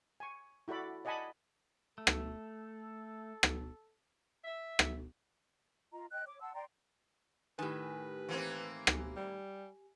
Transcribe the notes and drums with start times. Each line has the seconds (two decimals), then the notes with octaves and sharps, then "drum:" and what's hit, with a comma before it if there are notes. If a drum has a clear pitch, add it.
0.20 G#5 C#6
0.68 E4 F#4 A4 D5 B5
1.05 D5 D#5 F#5 G#5 A5 B5
1.98 A3 A4
2.07 drum: rim click
3.43 drum: rim click
4.45 E5
4.79 drum: rim click
5.92 F4 D#5 A#5
6.11 D#5 G5 F#6
6.26 C#5 D6
6.41 F#5 A5 C6 E6
6.54 D5 G5 A#5 C6
7.59 A2 D#3 G4 B4 G#5
8.29 E3 A#3 C4
8.87 drum: rim click
9.16 G3